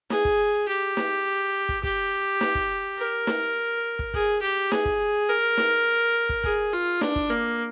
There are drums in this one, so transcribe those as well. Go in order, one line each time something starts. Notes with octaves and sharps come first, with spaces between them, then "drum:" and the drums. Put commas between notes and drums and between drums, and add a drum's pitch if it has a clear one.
G#4, drum: snare
drum: kick
G4
drum: snare
drum: kick
G4, drum: kick
drum: snare
drum: kick
A#4
drum: snare
drum: kick
G#4, drum: kick
G4
G#4, drum: snare
drum: kick
A#4
drum: snare
drum: kick
G#4, drum: kick
F4
D4, drum: snare
drum: kick
A#3